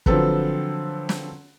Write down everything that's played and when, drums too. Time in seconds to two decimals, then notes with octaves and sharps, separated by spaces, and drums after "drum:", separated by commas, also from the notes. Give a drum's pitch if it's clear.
0.06 D3 F3 F#3 C4 A4 B4, drum: kick
1.09 drum: snare